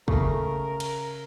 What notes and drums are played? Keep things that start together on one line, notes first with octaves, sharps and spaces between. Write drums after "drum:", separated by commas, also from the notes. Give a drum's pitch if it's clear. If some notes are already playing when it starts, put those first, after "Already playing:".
C#3 A3 C#4 A#4, drum: kick
drum: cymbal